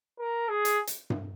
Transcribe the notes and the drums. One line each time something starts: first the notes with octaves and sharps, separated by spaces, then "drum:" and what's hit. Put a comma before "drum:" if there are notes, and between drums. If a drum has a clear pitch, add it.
A#4
G#4
drum: hi-hat
drum: hi-hat
drum: tom G2